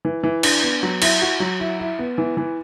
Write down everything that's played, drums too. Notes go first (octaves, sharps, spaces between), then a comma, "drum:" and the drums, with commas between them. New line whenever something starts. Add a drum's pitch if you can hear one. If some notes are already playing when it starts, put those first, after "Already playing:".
E3
E3
D4, drum: cymbal
B3
F#3
E4, drum: cymbal
F#4
F#3
E4
E4
B3
E3
E3